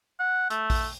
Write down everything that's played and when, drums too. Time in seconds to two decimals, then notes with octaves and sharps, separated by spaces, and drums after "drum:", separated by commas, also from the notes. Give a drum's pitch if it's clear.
0.19 F#5
0.50 A3, drum: hi-hat
0.70 drum: kick A#1, open hi-hat